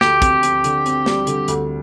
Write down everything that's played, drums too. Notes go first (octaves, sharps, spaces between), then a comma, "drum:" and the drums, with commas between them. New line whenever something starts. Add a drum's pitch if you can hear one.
D2 G4, drum: snare
C4, drum: kick, hi-hat
C4, drum: hi-hat
D3, drum: hi-hat
C4, drum: hi-hat
G3, drum: snare
D3, drum: hi-hat
D2, drum: hi-hat